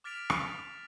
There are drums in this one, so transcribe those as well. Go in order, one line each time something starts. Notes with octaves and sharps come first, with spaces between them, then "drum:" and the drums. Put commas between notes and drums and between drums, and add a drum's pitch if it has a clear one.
D6 F6 A6 B6 D7 F7
drum: rim click